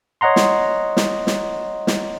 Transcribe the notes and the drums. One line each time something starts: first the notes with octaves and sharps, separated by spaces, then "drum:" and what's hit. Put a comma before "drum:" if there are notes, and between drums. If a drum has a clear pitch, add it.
C#5 D#5 F#5 A#5 C6
drum: snare
drum: snare
drum: snare
drum: snare